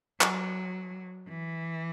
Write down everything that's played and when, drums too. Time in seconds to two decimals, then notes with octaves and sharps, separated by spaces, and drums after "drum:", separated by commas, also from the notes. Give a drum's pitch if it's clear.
0.21 F#3, drum: clap
1.29 E3